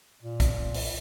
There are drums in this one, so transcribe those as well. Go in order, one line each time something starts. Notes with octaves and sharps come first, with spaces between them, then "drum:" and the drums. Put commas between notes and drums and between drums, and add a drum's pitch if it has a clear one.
A#2
drum: kick, hi-hat
drum: open hi-hat